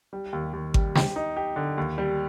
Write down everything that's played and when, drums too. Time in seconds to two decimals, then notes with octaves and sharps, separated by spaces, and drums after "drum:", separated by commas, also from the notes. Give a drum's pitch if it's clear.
0.13 G3
0.33 D#2
0.53 D#2
0.74 G3, drum: kick G#1
0.95 G4, drum: snare
1.16 D#4
1.37 G4
1.56 D3
1.78 D#2
1.98 G3